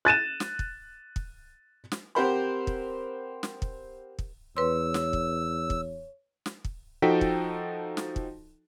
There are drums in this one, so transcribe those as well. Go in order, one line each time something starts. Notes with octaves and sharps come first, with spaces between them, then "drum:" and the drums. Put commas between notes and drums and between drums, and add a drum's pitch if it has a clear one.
F#6 A6 D#7 E7
drum: snare
drum: kick
drum: kick
drum: snare
C4 G4 A#4 C5 F#5 B5
drum: kick
drum: snare
drum: kick
drum: kick
E2 B4 C#5 C6 E6
drum: snare
drum: kick
drum: kick
drum: snare
drum: kick
F3 D#4 F#4 A4 G5 B6
drum: kick
drum: snare
drum: kick